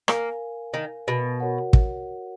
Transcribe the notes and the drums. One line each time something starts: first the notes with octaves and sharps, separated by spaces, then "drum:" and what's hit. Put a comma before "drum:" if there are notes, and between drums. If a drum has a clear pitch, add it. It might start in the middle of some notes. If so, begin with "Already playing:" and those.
A#3 A#4 F5 G#5, drum: rim click
D#3
B2
F#4 A#4 C#5 F#5
drum: kick